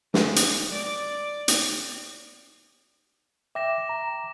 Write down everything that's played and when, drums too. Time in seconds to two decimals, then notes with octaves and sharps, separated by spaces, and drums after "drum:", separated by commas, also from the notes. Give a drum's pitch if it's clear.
0.14 G#3, drum: snare
0.36 drum: hi-hat
0.71 D5
1.48 drum: hi-hat
3.55 E5 G5 D6 A#6 E7
3.89 A#5